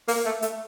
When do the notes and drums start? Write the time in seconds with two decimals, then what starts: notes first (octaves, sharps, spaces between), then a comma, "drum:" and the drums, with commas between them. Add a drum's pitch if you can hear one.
0.08 A#3, drum: open hi-hat
0.26 A3
0.42 A3, drum: hi-hat